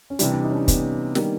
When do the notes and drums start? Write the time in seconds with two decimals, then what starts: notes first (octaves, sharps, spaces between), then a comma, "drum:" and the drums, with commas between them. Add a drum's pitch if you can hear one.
0.10 C#4
0.19 C3 E3 G3 D4, drum: hi-hat
0.31 D4
0.43 D#4
0.51 C#4
0.55 D4
0.68 B3, drum: kick, hi-hat
1.15 D#3 G3 A#3, drum: snare